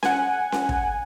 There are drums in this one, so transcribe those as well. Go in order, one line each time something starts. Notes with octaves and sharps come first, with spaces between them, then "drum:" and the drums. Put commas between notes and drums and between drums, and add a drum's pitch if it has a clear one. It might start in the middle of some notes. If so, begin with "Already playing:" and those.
F#5 G#5, drum: snare C#4
drum: snare C#4
drum: kick